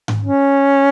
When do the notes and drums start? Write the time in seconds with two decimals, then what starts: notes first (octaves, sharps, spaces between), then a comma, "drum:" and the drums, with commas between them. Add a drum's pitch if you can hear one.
0.08 drum: tom G#2
0.21 C#4